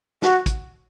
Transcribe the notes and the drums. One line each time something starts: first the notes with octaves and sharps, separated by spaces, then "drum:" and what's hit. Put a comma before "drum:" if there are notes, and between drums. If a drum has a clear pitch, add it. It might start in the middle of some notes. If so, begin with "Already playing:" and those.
F#4, drum: snare
drum: kick, hi-hat